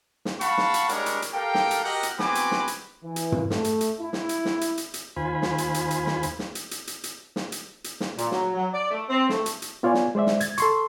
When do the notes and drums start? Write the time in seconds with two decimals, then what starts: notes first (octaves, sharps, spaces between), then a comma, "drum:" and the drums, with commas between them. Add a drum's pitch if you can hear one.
0.25 drum: snare
0.41 F5 F#5 A5 B5 C#6, drum: hi-hat
0.58 drum: snare
0.74 drum: hi-hat
0.89 G3 G#3 D4 A#4 C#5, drum: hi-hat
1.06 drum: hi-hat
1.22 drum: hi-hat
1.33 G4 A4 A#4 F5 G5
1.55 drum: snare
1.71 drum: hi-hat
1.83 F#4 G4 A#4 D#5 F#5
2.03 drum: hi-hat
2.19 B3 C4 F#4 G#5 B5 D6, drum: snare
2.35 drum: hi-hat
2.51 drum: snare
2.68 drum: hi-hat
3.03 E3
3.16 drum: hi-hat
3.32 drum: tom
3.50 A3, drum: snare
3.64 drum: hi-hat
3.81 drum: hi-hat
4.01 E4
4.13 drum: snare
4.29 drum: hi-hat
4.45 drum: snare
4.61 drum: hi-hat
4.77 drum: hi-hat
4.94 drum: hi-hat
5.17 D#2 F4 C5 G#5 B5
5.42 drum: snare
5.58 drum: hi-hat
5.74 drum: hi-hat
5.91 drum: hi-hat
6.07 drum: snare
6.23 drum: hi-hat
6.39 drum: snare
6.55 drum: hi-hat
6.71 drum: hi-hat
6.87 drum: hi-hat
7.04 drum: hi-hat
7.36 drum: snare
7.52 drum: hi-hat
7.84 drum: hi-hat
8.00 drum: snare
8.18 A#2, drum: hi-hat
8.31 F#3, drum: snare
8.54 F#3
8.73 D5
8.91 A3
9.09 C4
9.29 A3, drum: snare
9.46 drum: hi-hat
9.62 drum: hi-hat
9.83 B3 F4 C#5 D5 G#5
9.94 drum: snare
10.15 G#3 C5 D5 E5
10.27 drum: snare
10.40 G#6 A6, drum: hi-hat
10.58 A4 C6 C#6, drum: hi-hat